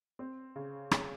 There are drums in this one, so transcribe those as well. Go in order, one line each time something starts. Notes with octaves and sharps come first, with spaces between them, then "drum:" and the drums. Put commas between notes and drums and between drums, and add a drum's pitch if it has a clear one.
C4
C#3
C#4, drum: rim click